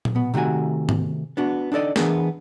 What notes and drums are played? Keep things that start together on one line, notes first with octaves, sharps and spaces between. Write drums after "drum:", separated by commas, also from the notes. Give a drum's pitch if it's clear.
drum: tom A#2
B2 B3
C3 D#3 A3 F#4 G#5
drum: tom G#2
B3 D4 F#4
D4 D#4 A4 D5 D#5
E3 B3 C#4 D4 G#4 A#4, drum: snare